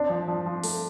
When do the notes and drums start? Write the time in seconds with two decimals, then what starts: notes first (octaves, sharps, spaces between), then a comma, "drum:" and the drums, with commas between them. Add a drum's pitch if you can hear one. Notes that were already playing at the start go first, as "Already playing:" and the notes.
Already playing: C4 D4
0.09 F3
0.28 F3
0.46 F3
0.64 A3, drum: open hi-hat